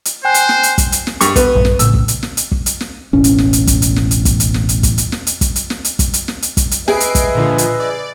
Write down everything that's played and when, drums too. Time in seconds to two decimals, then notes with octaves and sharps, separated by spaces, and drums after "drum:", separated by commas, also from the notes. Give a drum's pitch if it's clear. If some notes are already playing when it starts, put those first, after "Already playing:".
0.05 drum: hi-hat
0.25 C5 G5 G#5 F#6
0.34 drum: hi-hat
0.49 drum: snare
0.63 drum: hi-hat
0.78 drum: kick, hi-hat
0.92 drum: hi-hat
1.07 drum: snare
1.21 G2 C#6, drum: hi-hat
1.36 B3, drum: kick, hi-hat
1.55 A#1 G2
1.65 drum: snare
1.79 A#1 A2 C#3 E6, drum: hi-hat
1.94 drum: kick
2.08 drum: hi-hat
2.23 drum: snare
2.37 drum: hi-hat
2.52 drum: kick
2.66 drum: hi-hat
2.80 drum: snare
3.13 E1 A1 C#4
3.24 drum: hi-hat
3.38 drum: snare
3.53 drum: hi-hat
3.67 drum: kick, hi-hat
3.82 drum: hi-hat
3.96 drum: snare
4.11 drum: hi-hat
4.25 drum: kick, hi-hat
4.40 drum: hi-hat
4.54 drum: snare
4.69 drum: hi-hat
4.83 drum: kick, hi-hat
4.98 drum: hi-hat
5.12 drum: snare
5.27 drum: hi-hat
5.41 drum: kick, hi-hat
5.56 drum: hi-hat
5.70 drum: snare
5.85 drum: hi-hat
5.99 drum: kick, hi-hat
6.14 drum: hi-hat
6.28 drum: snare
6.42 drum: hi-hat
6.57 drum: kick, hi-hat
6.71 drum: hi-hat
6.88 G#4 B4 D#5 E5 C7 D7, drum: snare
7.00 drum: hi-hat
7.15 drum: kick, hi-hat
7.35 A#2 D3 F3
7.58 drum: hi-hat
7.80 D5